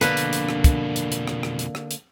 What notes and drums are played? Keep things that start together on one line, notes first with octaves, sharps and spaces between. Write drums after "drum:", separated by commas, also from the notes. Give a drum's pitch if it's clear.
F2 B2 D3 A#3 D4 B4, drum: hi-hat
drum: hi-hat
drum: hi-hat
drum: rim click
drum: kick, hi-hat
drum: hi-hat
drum: hi-hat
drum: rim click
drum: rim click
drum: hi-hat
drum: rim click
drum: hi-hat